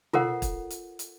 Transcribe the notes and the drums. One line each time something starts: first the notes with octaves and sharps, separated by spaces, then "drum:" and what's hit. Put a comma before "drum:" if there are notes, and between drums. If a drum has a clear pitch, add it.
F4 A4 A#4 C5 F#5, drum: tom B2
drum: kick, hi-hat
drum: hi-hat
drum: hi-hat